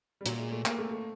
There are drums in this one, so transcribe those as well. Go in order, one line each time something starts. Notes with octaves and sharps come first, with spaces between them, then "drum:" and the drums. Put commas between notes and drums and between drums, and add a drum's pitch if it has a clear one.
G3
A#2 F#3, drum: hi-hat
G#3
A3
A#3, drum: clap
A3
A3